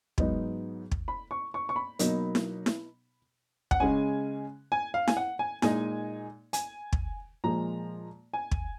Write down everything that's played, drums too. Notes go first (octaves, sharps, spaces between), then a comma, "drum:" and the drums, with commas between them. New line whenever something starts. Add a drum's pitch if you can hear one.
G#2 F#3 B3 D#4, drum: kick
drum: kick
B5
C#6
C#6
C#6
B5
B2 F#3 A#3 D#4, drum: hi-hat
drum: snare E4
drum: snare E4
F#5, drum: kick
C#3 G#3 C#4 G#5
G#5
F5
G#5, drum: snare E4
F#5
G#5
A#2 G#3 D#4 G#5, drum: snare E4
G#5, drum: hi-hat
drum: kick
A#2 F3 G#3 A#5
G#5
drum: kick